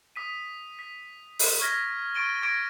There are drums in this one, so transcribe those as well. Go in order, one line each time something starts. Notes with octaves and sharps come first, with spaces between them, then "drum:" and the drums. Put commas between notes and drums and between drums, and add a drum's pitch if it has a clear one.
D#6 B6 D#7
B6
drum: open hi-hat
C#6 F6 G#6 A#6 B6
C#6 A6 D7 D#7 G7
C#6 D6 G#6 A#6 D7